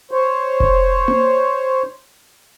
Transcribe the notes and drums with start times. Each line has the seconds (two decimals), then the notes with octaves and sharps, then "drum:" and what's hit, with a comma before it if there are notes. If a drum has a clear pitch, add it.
0.11 C5 C#5
0.60 drum: kick F1
1.08 drum: tom A#3